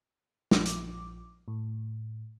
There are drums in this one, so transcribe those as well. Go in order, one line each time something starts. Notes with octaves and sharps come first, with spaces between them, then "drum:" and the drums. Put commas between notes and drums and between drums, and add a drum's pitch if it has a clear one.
A#1 F3 D6, drum: snare
drum: hi-hat
A2